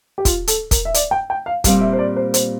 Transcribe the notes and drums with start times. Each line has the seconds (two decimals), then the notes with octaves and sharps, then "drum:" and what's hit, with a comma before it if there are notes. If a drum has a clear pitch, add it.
0.18 G4
0.25 F4, drum: kick, hi-hat
0.47 A4, drum: hi-hat
0.71 A#4, drum: kick, hi-hat
0.85 E5
0.94 D5, drum: hi-hat
1.11 G5
1.30 G5
1.46 F5
1.64 A#2 G3 C4 F5, drum: kick, hi-hat
1.81 E5
1.93 C5
1.99 D5
2.17 C5
2.34 C5, drum: hi-hat